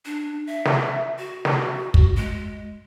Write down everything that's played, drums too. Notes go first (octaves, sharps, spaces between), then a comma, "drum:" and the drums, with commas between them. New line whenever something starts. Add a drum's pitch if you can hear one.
D4
E5
drum: snare
F#4
drum: snare
drum: kick
G#3